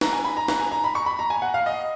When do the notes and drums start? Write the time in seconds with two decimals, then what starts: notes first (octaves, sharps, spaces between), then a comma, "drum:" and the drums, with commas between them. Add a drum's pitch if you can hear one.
0.01 A#5, drum: snare
0.13 G#5
0.25 B5
0.37 A#5
0.48 A#5, drum: snare
0.60 G#5
0.72 A#5
0.84 B5
0.95 C#6
1.06 B5
1.19 A#5
1.30 G#5
1.42 F#5
1.54 F5
1.66 D#5